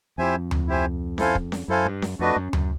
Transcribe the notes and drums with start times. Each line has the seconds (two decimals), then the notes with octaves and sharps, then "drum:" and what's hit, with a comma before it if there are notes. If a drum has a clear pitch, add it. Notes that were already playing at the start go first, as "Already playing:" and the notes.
0.18 F2 E4 G4 C5 E5 G#5
0.51 drum: tom D2
0.68 E4 G4 C5 E5 G#5
1.18 E4 A4 C5 F5 G#5, drum: snare C#4
1.35 drum: kick
1.52 drum: snare C#4
1.68 F#2 E4 A4 C5 F5 G#5
1.86 G2
2.02 F#2, drum: snare C#4
2.19 F2 A3 D4 F#4 B4 D#5
2.36 F#2
2.53 F#2, drum: tom D2